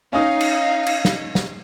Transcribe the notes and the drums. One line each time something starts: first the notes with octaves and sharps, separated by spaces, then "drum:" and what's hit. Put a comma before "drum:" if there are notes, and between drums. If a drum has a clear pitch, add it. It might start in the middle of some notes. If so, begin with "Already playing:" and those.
C#4 D#4 D#5 F5 D#6
drum: cymbal
drum: cymbal
drum: snare
drum: snare